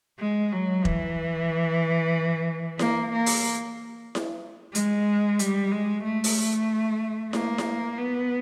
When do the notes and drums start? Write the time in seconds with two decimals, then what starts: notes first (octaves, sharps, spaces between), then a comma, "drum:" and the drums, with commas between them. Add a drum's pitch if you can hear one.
0.20 G#3
0.53 F#3
0.85 E3, drum: kick E1
2.79 A#3, drum: snare E4
3.13 A#3
3.26 drum: open hi-hat
4.15 drum: snare E4
4.75 G#3, drum: hi-hat
5.39 G3, drum: hi-hat
5.71 G#3
6.04 A3
6.24 drum: open hi-hat
7.33 A#3, drum: snare E4
7.58 drum: snare E4
7.98 B3